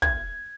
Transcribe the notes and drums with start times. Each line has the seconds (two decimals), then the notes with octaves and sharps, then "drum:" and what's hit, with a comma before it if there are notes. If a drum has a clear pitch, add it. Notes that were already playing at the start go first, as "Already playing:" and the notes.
0.02 G#6, drum: kick